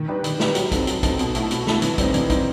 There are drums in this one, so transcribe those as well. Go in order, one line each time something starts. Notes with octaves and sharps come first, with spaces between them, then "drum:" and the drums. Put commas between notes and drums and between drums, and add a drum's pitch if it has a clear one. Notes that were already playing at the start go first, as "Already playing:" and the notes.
Already playing: D#3
G3 D#4 G4 B4
D#3, drum: hi-hat
G3 D#4 G4 B4, drum: snare
F#3, drum: hi-hat
C4 D#4 A4, drum: kick, hi-hat
F#3, drum: hi-hat
C4 D#4 A4, drum: kick, hi-hat
B2, drum: hi-hat
A3 E4 A4, drum: hi-hat
B2, drum: hi-hat
A3 E4 A4, drum: snare
E3, drum: hi-hat
G3 C4 D#4, drum: kick, hi-hat
E3, drum: hi-hat
G3 C4 D#4, drum: kick, hi-hat